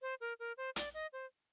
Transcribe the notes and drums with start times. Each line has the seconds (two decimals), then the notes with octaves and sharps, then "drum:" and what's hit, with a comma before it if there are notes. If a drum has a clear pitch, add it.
0.02 C5
0.21 A#4
0.40 A#4
0.57 C5
0.76 D5, drum: hi-hat
0.94 D#5
1.13 C5